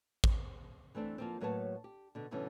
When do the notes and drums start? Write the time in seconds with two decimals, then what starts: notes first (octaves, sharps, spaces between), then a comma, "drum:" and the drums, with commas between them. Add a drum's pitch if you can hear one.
0.24 drum: kick
0.95 E3 A3 C4 D4
1.18 F3 A#3 C4
1.41 A2 F#3 A#3 B4 C#5 A5
1.84 G4
2.15 B2 D3
2.31 G2 B2 D3 E3 C#4